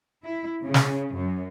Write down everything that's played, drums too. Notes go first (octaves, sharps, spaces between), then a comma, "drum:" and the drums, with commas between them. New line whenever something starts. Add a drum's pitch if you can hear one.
E4
C#3
drum: snare
F#2